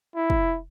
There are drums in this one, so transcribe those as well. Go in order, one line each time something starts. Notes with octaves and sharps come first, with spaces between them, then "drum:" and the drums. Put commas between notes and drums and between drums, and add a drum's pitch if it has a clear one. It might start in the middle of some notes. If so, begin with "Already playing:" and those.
E4
drum: kick